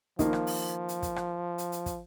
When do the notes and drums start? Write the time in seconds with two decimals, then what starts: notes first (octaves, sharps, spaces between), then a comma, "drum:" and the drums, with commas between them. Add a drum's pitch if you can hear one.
0.19 D#3 F3 A#3, drum: kick, hi-hat
0.33 drum: rim click
0.47 drum: open hi-hat
0.89 drum: hi-hat
1.02 drum: kick, hi-hat
1.16 drum: rim click
1.58 drum: hi-hat
1.72 drum: hi-hat
1.86 drum: kick, hi-hat